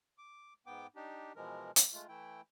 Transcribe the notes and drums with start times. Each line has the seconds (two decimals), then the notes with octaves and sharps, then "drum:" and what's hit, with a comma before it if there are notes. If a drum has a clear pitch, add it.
0.18 D6
0.66 G#2 B3 G5 D6
0.96 D4 D#4 G4
1.36 B2 E3 F3 G#3 A#4
1.76 drum: hi-hat
1.93 G#3 A3 F4
2.08 E3 A3 E4 G5